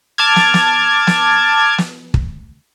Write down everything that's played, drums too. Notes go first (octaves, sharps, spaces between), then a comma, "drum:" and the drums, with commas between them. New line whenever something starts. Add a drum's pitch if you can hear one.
A5 D6 F6 G#6
drum: snare
drum: snare
drum: snare
drum: snare
drum: kick